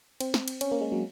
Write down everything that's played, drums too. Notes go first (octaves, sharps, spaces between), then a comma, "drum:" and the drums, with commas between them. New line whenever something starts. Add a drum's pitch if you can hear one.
C4, drum: cymbal
drum: snare
drum: cymbal
C#4, drum: cymbal
A#3
G#3
F#3